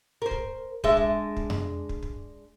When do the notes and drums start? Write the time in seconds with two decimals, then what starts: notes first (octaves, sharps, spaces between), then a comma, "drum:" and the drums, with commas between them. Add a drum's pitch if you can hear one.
0.22 A#4 C5
0.31 drum: kick
0.84 G#3 D4 E5, drum: kick
0.97 drum: kick
1.37 drum: kick
1.50 drum: tom F2
1.89 drum: kick
2.03 drum: kick